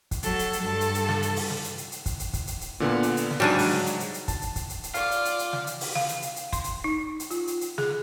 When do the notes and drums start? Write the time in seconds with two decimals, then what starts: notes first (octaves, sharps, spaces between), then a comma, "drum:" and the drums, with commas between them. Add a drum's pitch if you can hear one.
0.11 drum: kick, hi-hat
0.23 F#3 A4, drum: hi-hat
0.39 drum: hi-hat
0.53 drum: hi-hat
0.63 G2 A4
0.81 drum: hi-hat
0.95 drum: hi-hat
1.09 drum: snare
1.22 drum: hi-hat
1.36 drum: open hi-hat
1.50 drum: snare
1.64 drum: hi-hat
1.78 drum: hi-hat
1.92 drum: hi-hat
2.06 drum: kick, hi-hat
2.20 drum: hi-hat
2.33 drum: kick, hi-hat
2.47 drum: hi-hat
2.61 drum: hi-hat
2.80 A#2 D3 B3
3.03 drum: hi-hat
3.17 drum: hi-hat
3.31 drum: snare
3.40 G#2 F#3 G3 D4 G#4
3.58 drum: open hi-hat
3.72 drum: snare
3.86 drum: hi-hat
4.00 drum: hi-hat
4.14 drum: hi-hat
4.28 A5, drum: kick, hi-hat
4.42 drum: hi-hat
4.56 drum: kick, hi-hat
4.70 drum: hi-hat
4.83 drum: hi-hat
4.94 F4 D5 F5 D6, drum: hi-hat
5.11 drum: hi-hat
5.25 drum: hi-hat
5.39 drum: hi-hat
5.53 drum: snare
5.67 drum: hi-hat
5.81 drum: open hi-hat
5.95 F5, drum: snare
6.08 drum: hi-hat
6.22 drum: hi-hat
6.36 drum: hi-hat
6.53 C6, drum: kick, hi-hat
6.64 drum: hi-hat
6.84 D#4
7.20 drum: hi-hat
7.31 F4, drum: hi-hat
7.47 drum: hi-hat
7.61 drum: hi-hat
7.78 G#4, drum: snare